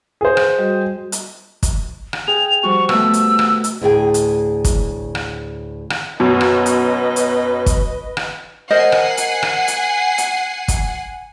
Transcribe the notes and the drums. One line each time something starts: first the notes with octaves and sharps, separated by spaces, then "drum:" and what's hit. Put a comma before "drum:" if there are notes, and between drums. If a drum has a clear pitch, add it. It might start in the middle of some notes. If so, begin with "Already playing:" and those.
G#4 C5
drum: rim click
G3 F#4 D#5
drum: hi-hat
drum: kick, hi-hat
drum: rim click
G#4 G5 F7
F3 G3 F#4 C#6
B2 A3 E6, drum: rim click
drum: hi-hat
drum: rim click
drum: hi-hat
D2 A2 G#4 G5
drum: hi-hat
drum: kick, hi-hat
drum: rim click
drum: rim click
F#2 B2 B4 D#5
drum: rim click
drum: hi-hat
drum: hi-hat
drum: kick, hi-hat
drum: rim click
A#4 C5 D#5 F#5 G#5 C7
drum: rim click
drum: hi-hat
drum: rim click
drum: hi-hat
drum: hi-hat
drum: kick, hi-hat